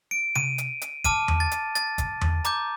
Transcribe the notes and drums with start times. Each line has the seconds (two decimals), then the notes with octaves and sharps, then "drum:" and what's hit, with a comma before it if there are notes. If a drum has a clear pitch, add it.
0.11 D7
0.35 D#7, drum: tom C3
0.58 drum: hi-hat
0.82 drum: hi-hat
1.04 A5 D6 F6 D#7, drum: kick, hi-hat
1.28 drum: tom E2
1.40 A6
1.51 drum: hi-hat
1.75 A6, drum: hi-hat
1.98 drum: kick, hi-hat
2.21 drum: tom E2
2.45 A#5 D6 G6, drum: hi-hat